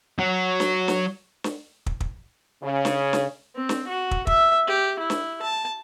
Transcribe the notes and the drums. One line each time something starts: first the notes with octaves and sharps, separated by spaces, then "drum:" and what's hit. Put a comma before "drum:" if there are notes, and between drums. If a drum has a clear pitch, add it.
F#3
drum: snare
drum: snare
drum: snare
drum: kick
drum: kick
C#3
drum: snare
drum: snare
C4
drum: snare
F#4
drum: kick
E5, drum: kick
G4
E4
drum: snare
A5